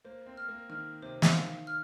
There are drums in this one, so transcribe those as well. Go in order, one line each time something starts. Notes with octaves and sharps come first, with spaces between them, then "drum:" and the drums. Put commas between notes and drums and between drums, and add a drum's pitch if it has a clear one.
A#3 C5
C4
F6
A#3
D#3 F6
C3 C5
drum: snare
D#3 F5
F6